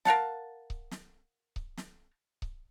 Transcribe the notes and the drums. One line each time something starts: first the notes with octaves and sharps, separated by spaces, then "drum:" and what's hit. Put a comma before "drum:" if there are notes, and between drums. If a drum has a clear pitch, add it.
A#4 F5 F#5 A5, drum: snare
drum: kick C#1
drum: snare
drum: kick C#1
drum: snare
drum: kick C#1